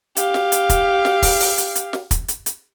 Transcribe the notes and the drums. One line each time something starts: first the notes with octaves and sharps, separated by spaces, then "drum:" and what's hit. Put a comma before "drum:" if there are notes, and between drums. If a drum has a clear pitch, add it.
G4 F5, drum: hi-hat
drum: snare
drum: hi-hat
drum: kick, hi-hat
drum: snare
drum: kick, open hi-hat
drum: open hi-hat
drum: hi-hat
drum: hi-hat
drum: snare
drum: kick, hi-hat
drum: hi-hat
drum: hi-hat